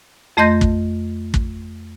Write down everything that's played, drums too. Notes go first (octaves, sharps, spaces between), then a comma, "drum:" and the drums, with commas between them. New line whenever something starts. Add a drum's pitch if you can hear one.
F2 A3 D#5 C6 G6 A#6
drum: kick
drum: kick